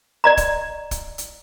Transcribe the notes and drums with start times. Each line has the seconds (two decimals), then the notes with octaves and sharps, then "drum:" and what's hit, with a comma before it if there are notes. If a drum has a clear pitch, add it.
0.24 D5 D#5 A#5
0.37 drum: kick, hi-hat
0.91 drum: kick, hi-hat
1.18 drum: hi-hat